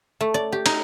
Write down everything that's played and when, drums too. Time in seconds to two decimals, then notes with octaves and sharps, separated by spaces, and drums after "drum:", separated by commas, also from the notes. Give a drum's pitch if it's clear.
0.21 A3
0.34 D5
0.52 G4
0.66 D#4, drum: cymbal